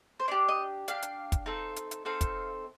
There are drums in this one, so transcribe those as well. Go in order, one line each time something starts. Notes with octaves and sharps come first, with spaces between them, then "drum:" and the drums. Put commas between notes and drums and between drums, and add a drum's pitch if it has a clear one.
C5
D4 G4 D5
D#5
D4 G4 F5, drum: hi-hat
drum: hi-hat
drum: kick, hi-hat
C4 D#4 A4
drum: hi-hat
drum: hi-hat
C4 D#4 A4 F5
drum: kick, hi-hat